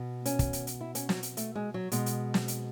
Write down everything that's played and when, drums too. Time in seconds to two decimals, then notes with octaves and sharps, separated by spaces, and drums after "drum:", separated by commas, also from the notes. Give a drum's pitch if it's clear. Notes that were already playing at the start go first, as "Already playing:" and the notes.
Already playing: B2
0.25 C#4, drum: hi-hat
0.39 drum: kick, hi-hat
0.53 drum: hi-hat
0.67 drum: hi-hat
0.81 E4
0.95 C#4, drum: hi-hat
1.09 F#3, drum: snare
1.23 drum: hi-hat
1.37 A3, drum: hi-hat
1.55 G#3
1.74 F#3
1.92 B2 G#3, drum: hi-hat
2.06 drum: hi-hat
2.34 drum: snare
2.48 drum: hi-hat